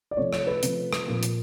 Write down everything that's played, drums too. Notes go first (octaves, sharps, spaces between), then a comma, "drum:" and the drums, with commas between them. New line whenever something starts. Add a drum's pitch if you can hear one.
D5
C3 F3 A3 C#5
C#5, drum: rim click
B4
C3 F3 A3, drum: hi-hat
drum: rim click
A#2 F3 A#3
drum: hi-hat